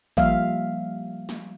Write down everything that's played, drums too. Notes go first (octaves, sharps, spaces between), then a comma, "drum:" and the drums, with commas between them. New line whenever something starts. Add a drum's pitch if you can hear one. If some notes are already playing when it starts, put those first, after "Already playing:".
F3 G3 A#3 E5 F5, drum: kick A1
drum: snare